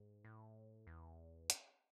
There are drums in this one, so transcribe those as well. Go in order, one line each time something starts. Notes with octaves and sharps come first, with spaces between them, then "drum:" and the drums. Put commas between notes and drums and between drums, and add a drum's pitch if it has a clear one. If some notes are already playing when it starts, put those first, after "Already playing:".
Already playing: G#2
A2
E2
drum: hi-hat